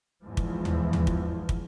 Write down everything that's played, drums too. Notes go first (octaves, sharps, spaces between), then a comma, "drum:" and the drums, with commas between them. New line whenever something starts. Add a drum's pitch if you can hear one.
E2 G#2 E3 F3
drum: kick
drum: tom
drum: tom
drum: kick
drum: kick